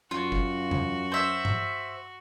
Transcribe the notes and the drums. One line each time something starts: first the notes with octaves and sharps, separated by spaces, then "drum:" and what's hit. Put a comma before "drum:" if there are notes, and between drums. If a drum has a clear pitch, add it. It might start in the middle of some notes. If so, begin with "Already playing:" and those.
F#2 F4 F#4
drum: kick
drum: tom E2
C5 E5
drum: tom G2